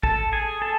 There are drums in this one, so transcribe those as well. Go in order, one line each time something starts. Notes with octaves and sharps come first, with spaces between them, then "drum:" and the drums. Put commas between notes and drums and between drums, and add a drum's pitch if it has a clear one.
A4 A5, drum: kick
G#4 G#5
A4 A5